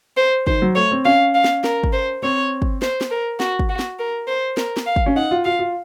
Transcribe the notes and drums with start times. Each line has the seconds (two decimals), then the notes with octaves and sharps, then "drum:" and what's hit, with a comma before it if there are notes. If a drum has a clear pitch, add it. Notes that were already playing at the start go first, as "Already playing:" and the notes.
0.17 C5
0.47 D#3 C5, drum: kick
0.62 F#3
0.76 A3 C#5
0.91 C4
1.05 C#4 F5
1.35 F5
1.44 drum: snare
1.64 A#4, drum: snare
1.84 drum: kick
1.93 C5
2.23 C4 C#5
2.62 drum: kick
2.82 C5, drum: snare
3.01 drum: snare
3.11 A#4
3.40 F#4, drum: snare
3.59 drum: kick
3.69 F#4
3.79 drum: snare
3.99 A#4
4.27 C5
4.57 A#4, drum: snare
4.77 drum: snare
4.86 F5
4.96 drum: kick
5.06 C#4
5.16 D#4 F#5
5.31 F4
5.45 F4 F5
5.59 F4